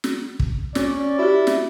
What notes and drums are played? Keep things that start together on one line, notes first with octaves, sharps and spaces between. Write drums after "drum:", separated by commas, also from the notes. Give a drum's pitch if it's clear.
drum: snare
drum: kick
C#4 D5, drum: snare
E4 F#4 G4
drum: snare